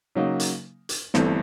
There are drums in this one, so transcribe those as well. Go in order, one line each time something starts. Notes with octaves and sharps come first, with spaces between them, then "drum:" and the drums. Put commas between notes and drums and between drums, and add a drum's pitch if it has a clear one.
C#3 F#3 A#3 D#4
drum: hi-hat
drum: hi-hat
G1 G2 E3 A3 C4, drum: snare